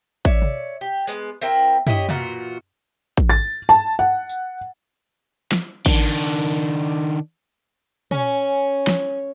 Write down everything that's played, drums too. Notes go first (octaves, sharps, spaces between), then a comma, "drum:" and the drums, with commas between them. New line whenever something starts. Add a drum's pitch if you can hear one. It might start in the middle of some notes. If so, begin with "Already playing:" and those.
C#5 D5 E5, drum: kick A1
drum: tom
G4
G#3 B3, drum: tambourine
C4 E4 A#4 G5
E4 G4 C#5 D#5, drum: tom
A#2 E3 F4 F#4, drum: tom
drum: kick A1
A6
A5
F#5
drum: tambourine
drum: snare
D#3 D4, drum: kick A1
C#4, drum: tom
drum: snare